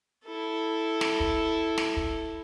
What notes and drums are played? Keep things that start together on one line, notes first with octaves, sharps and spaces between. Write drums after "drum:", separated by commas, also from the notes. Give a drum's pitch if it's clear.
E4 A4
drum: snare
drum: kick
drum: snare
drum: kick